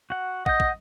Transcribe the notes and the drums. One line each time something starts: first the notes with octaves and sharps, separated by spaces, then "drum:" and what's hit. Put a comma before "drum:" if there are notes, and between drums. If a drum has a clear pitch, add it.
F#4 F#5
D#5 F#5 G6, drum: kick
drum: kick